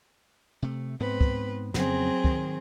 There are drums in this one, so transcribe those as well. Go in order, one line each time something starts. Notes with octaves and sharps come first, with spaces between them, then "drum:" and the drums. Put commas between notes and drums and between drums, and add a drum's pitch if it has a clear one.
C3 A3
G#2 B3 C4 B4
drum: kick
F2 C#3 F#3 B3 C4 G#4, drum: snare
D#3, drum: kick